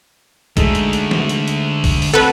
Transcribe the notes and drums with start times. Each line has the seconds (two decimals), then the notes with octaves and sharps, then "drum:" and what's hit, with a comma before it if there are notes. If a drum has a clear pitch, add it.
0.57 D3 G#3 A3 D#4 A4, drum: kick A#1, hi-hat
0.75 drum: hi-hat
0.93 drum: hi-hat
1.11 drum: snare
1.29 drum: hi-hat
1.48 drum: hi-hat
1.84 drum: kick A#1, open hi-hat
2.02 drum: open hi-hat
2.14 D2 C4 F#4 A4 B4 F#5 F#6